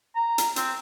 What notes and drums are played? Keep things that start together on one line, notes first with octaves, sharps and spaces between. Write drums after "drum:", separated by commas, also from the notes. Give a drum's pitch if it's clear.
A#5
drum: hi-hat
C4, drum: hi-hat